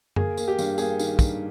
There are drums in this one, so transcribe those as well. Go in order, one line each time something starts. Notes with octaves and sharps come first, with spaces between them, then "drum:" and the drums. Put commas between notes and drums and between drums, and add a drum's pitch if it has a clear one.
A#3 G#4, drum: tom F#2
A#3, drum: tambourine
G4
G2, drum: tambourine
A#3 G#4, drum: tambourine
D#3, drum: tambourine
G2, drum: kick, tambourine